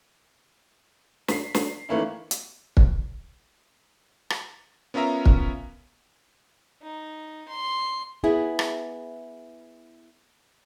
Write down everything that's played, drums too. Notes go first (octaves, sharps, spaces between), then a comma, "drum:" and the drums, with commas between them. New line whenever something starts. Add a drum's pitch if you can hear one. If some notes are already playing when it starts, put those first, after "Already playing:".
B6 C7, drum: snare
C7, drum: snare
D#3 E3 A3 A#3 C#4 E4
drum: hi-hat
drum: kick
drum: rim click
B3 C#4 F4 A#4 E5 A#5
drum: kick
D#4
C6
B3 E4 G#4
drum: rim click